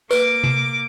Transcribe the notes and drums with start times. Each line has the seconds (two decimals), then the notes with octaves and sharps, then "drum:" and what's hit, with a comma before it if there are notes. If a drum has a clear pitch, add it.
0.11 A#3 B4 D6, drum: tambourine
0.44 drum: tom C3